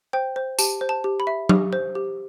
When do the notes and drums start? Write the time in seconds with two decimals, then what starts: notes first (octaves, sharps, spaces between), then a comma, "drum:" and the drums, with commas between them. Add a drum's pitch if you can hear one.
0.13 C5 G5
0.36 C5
0.59 G4 A5, drum: tambourine
0.81 C5
0.89 A5
1.04 G4
1.20 B5
1.27 E5
1.49 G4, drum: tom F#3
1.73 C5
1.95 G4